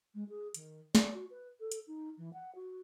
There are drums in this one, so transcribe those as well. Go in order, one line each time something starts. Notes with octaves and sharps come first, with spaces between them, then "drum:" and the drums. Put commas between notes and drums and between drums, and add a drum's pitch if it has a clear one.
G#3
G#4
D#3, drum: hi-hat
D5, drum: snare
F#4
B4
A4
drum: hi-hat
D#4
E3
F#5
F#4